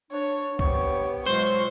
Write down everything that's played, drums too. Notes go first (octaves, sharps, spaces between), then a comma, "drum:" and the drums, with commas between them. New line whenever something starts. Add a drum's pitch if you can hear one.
D4 C#5
B3 G4 C5 C#5 C#6, drum: kick B1
B2 F#3 G#3 F4 C5 C#6